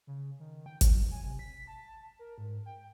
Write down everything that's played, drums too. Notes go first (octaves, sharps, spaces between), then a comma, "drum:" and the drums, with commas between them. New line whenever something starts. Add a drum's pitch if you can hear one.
C#3
D#3
G5
F#3, drum: kick, hi-hat
G#5
C3
B6
A5
A#4
G#2
G5